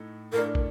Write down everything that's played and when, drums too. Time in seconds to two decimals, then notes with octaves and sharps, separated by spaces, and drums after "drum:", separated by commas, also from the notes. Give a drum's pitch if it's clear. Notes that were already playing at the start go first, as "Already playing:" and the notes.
Already playing: A2 A3 D#4
0.33 A2 A3 D4 A#4
0.55 drum: kick